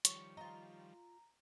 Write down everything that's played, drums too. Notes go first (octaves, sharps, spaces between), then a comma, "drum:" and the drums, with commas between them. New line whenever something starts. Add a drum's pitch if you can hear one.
D#3 F3 G3 C#5, drum: hi-hat
F4 D#5 A#5